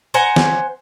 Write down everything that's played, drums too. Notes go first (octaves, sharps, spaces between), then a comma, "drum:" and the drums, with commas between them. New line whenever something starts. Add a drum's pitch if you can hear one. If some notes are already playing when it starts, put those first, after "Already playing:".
C5 F#5 G#5 A#5
drum: snare